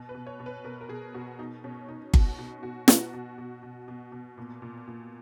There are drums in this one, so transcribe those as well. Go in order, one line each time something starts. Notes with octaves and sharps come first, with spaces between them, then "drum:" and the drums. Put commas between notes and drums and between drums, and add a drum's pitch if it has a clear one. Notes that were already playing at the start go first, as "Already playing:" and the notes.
Already playing: B2
B4
B2
C#5
B2
B4
B2 A#4
A#4
B2 G#4
B2 F#4
B2 D#4
B2 C#4
B2 D#4
B2 F#4, drum: kick G1
B2 F#4
B2 F#4
B2 F#4, drum: snare
B2
B2
B2
B2
B2
A#2
A#2
A#2